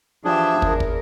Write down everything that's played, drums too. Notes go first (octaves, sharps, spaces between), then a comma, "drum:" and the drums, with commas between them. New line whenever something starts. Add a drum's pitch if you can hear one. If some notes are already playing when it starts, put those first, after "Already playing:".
E3 F3 D4 G4 G#4 E5
E2 A#4, drum: kick
drum: kick